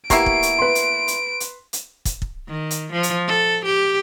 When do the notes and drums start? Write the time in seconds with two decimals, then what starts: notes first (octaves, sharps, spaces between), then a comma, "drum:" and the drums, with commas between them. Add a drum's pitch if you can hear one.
0.10 A#3 B3 E4 G4 C#6 C7 D7, drum: kick, hi-hat
0.26 drum: kick
0.43 drum: hi-hat
0.59 B4 C6
0.75 drum: hi-hat
1.08 drum: hi-hat
1.40 drum: hi-hat
1.73 drum: hi-hat
2.05 drum: kick, hi-hat
2.22 drum: kick
2.48 D#3
2.71 drum: hi-hat
2.93 F3
3.03 drum: hi-hat
3.28 A4
3.65 G4